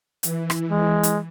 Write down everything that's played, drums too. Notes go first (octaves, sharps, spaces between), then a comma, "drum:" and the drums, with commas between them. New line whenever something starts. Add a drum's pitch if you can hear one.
E3, drum: hi-hat
drum: rim click
G#3
drum: hi-hat